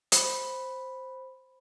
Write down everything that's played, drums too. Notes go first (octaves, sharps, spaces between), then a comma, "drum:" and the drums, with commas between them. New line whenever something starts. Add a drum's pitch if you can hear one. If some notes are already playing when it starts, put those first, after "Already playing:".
C5 B5, drum: hi-hat